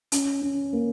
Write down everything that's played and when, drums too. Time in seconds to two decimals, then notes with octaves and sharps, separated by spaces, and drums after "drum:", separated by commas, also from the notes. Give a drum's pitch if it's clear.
0.12 C#4, drum: hi-hat
0.42 C#4
0.73 A#3